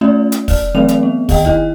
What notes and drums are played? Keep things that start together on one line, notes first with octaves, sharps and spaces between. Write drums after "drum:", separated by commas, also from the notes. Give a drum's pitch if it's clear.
A3 C#4 F4 D5 E5
drum: hi-hat
D5 F6, drum: kick, open hi-hat
E3 F#3 A3 C4 D5 F7
drum: hi-hat
B3
D#3 D#5 G5, drum: kick, open hi-hat
D#4 E4 D#5, drum: kick